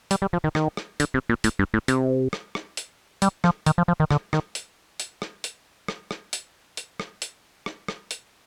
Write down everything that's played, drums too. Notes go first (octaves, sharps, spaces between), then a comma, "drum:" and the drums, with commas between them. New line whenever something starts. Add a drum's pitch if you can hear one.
G3, drum: hi-hat
G3
F3
D#3
D#3, drum: rim click
drum: rim click
D3, drum: hi-hat
C3
A#2
A2, drum: hi-hat
G2
A2
C3, drum: hi-hat
drum: rim click
drum: rim click
drum: hi-hat
G3, drum: hi-hat
F3, drum: rim click
D#3, drum: hi-hat
F3
F3
D#3
D3, drum: rim click
D#3, drum: rim click
drum: hi-hat
drum: hi-hat
drum: rim click
drum: hi-hat
drum: rim click
drum: rim click
drum: hi-hat
drum: hi-hat
drum: rim click
drum: hi-hat
drum: rim click
drum: rim click
drum: hi-hat